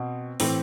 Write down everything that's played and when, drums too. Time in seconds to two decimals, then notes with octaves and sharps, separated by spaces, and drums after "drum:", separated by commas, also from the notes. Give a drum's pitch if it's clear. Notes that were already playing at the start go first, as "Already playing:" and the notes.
Already playing: B2 C4
0.40 A2 E3 C4, drum: open hi-hat